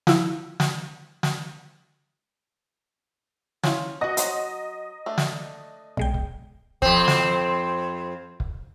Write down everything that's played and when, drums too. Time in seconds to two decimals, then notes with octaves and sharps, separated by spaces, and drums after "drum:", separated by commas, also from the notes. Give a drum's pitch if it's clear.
0.07 F3 E4, drum: snare
0.60 drum: snare
1.23 drum: snare
3.64 C#4 E4 F4 G#5, drum: snare
4.01 F#4 D#5 F#5
4.17 F#3 C5 F#5, drum: hi-hat
5.06 A3 D4
5.18 drum: snare
5.97 B1 G#3 G5
6.14 drum: kick
6.82 F2 C4, drum: kick
7.08 drum: snare
8.40 drum: kick